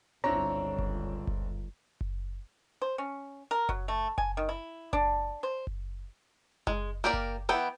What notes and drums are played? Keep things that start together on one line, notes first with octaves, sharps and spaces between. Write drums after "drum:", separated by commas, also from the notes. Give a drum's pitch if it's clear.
G1 C#2 C4 D4 E4 C#5 A#5
drum: kick F#1
drum: kick F#1
drum: kick F#1
C5
C#4
A#4
F#3, drum: kick F#1
A3
G#5, drum: kick F#1
D#3
E4
D4, drum: kick F#1
C5
drum: kick F#1
G#3, drum: kick F#1
A#3 G4 A#4 D5
drum: kick F#1
E3 B3 G5